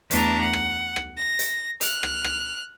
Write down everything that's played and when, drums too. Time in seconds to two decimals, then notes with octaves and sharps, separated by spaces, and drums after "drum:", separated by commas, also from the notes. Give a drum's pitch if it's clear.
0.11 E2 A3 B3 D4 A5 A#5, drum: hi-hat
0.40 F#5
0.53 drum: rim click
0.96 drum: rim click
1.18 A#6
1.39 drum: hi-hat
1.81 F6 F#6, drum: hi-hat
2.03 drum: rim click
2.24 drum: rim click